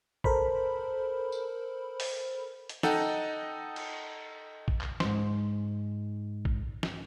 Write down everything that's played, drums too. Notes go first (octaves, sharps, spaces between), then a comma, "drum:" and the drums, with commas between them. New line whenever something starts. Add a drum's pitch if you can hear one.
A4 A#4 C5 B5, drum: kick
drum: tambourine
drum: open hi-hat
drum: hi-hat
D#4 A4 D#5 F#5 G5, drum: snare
drum: cymbal
drum: kick
drum: clap
G#2 C5, drum: snare
drum: kick
drum: snare